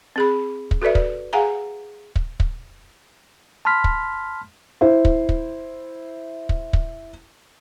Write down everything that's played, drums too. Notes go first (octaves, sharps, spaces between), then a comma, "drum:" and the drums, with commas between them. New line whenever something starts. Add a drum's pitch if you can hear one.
C4 G#4 B5
drum: kick
F#4 A4 B4 D5 E5
D5, drum: kick
G#4 F5 F#5 G#5 A#5
drum: kick
drum: kick
A5 B5 C6 F6 B6
drum: kick
E4 C5
drum: kick
drum: kick
drum: kick
drum: kick